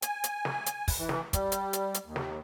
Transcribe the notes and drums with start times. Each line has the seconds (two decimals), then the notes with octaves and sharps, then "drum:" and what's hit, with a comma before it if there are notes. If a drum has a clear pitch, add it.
0.02 G#5, drum: hi-hat
0.24 drum: hi-hat
0.45 drum: snare
0.66 drum: hi-hat
0.88 drum: kick, open hi-hat
0.99 E3
1.09 drum: snare
1.33 G3, drum: kick, hi-hat
1.52 drum: hi-hat
1.73 drum: hi-hat
1.94 drum: hi-hat
2.06 D#2
2.16 drum: snare